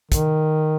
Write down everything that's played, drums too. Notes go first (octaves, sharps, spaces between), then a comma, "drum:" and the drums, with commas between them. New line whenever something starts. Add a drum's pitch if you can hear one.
D#3, drum: kick, hi-hat